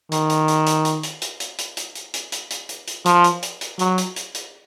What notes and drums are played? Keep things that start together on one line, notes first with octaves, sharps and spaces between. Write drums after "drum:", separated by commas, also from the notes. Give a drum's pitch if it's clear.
D#3, drum: hi-hat
drum: hi-hat
drum: hi-hat
drum: hi-hat
drum: hi-hat
drum: hi-hat
drum: hi-hat
drum: hi-hat
drum: hi-hat
drum: hi-hat
drum: hi-hat
drum: hi-hat
drum: hi-hat
drum: hi-hat
drum: hi-hat
drum: hi-hat
F3, drum: hi-hat
drum: hi-hat
drum: hi-hat
drum: hi-hat
F#3, drum: hi-hat
drum: hi-hat
drum: hi-hat
drum: hi-hat